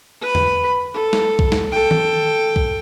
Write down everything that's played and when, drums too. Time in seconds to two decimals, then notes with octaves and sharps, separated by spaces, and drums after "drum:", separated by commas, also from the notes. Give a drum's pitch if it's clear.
0.22 B4 B5
0.35 drum: tom E2
0.94 A4
1.13 drum: snare
1.39 drum: kick
1.52 drum: snare
1.72 A4 G5
1.91 drum: tom D#3
2.56 drum: kick